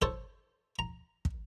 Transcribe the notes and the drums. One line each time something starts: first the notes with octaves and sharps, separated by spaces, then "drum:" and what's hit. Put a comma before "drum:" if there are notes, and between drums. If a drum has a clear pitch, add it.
A4 C5 C#5 A5, drum: kick
A#5
drum: kick